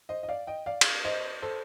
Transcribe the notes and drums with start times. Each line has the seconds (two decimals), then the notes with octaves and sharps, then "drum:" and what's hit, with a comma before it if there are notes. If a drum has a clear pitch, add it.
0.09 C5 D#5
0.23 D#5
0.29 D5 F5
0.47 D#5 G5
0.66 D5 F5
0.81 drum: cymbal
1.05 C5 D#5
1.42 A4 C5